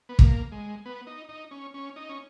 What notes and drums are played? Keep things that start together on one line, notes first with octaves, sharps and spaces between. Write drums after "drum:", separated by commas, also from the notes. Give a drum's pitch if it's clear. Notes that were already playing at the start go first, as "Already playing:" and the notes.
B3
A#3, drum: kick
G#3
B3
D#4
D#4
C#4
C#4
D#4
C#4